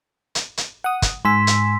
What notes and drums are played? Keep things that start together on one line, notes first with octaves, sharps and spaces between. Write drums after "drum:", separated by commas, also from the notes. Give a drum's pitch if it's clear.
drum: hi-hat
drum: hi-hat
F#5 D#6
drum: kick, hi-hat
G#2 G#5 C6 E6 B6
drum: hi-hat